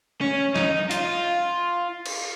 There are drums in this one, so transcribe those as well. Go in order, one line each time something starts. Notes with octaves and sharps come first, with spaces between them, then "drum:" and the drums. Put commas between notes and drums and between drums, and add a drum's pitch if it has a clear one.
C#4
D#4, drum: snare
F4, drum: hi-hat
drum: cymbal